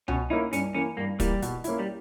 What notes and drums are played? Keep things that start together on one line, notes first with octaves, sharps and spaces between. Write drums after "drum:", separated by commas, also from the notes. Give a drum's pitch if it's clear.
B2 C#4, drum: tom C2
A#3 C#4 D#4 E4
G2 C#4, drum: hi-hat
E3 A#3 C#4
G2 A#3
E3 G3 A#3, drum: kick, hi-hat
B2, drum: hi-hat
A#3 C#4 E4, drum: hi-hat
G3